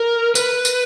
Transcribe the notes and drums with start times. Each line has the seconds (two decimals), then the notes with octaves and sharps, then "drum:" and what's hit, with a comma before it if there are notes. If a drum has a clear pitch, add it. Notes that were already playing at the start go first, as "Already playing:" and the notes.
Already playing: A#4
0.35 B4, drum: tambourine
0.65 drum: tambourine